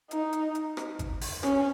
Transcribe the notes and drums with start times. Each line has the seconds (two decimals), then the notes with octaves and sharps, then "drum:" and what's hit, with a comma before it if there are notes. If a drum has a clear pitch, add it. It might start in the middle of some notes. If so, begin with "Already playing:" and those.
0.11 D#4, drum: hi-hat
0.33 drum: hi-hat
0.55 drum: hi-hat
0.77 drum: rim click
0.99 drum: kick G#1, hi-hat
1.21 drum: open hi-hat
1.43 C#4, drum: rim click